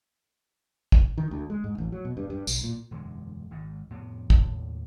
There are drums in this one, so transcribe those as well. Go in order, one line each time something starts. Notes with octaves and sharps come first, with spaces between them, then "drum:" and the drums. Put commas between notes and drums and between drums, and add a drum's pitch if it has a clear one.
drum: kick
D#3
D2
G#3
G#2
A1
F#3
B2
G2
G2
B1, drum: tambourine
A#2
E1 F#2 D3 G#3
G#1 G#2
F2 A2 C3 B3
D#2 A2, drum: kick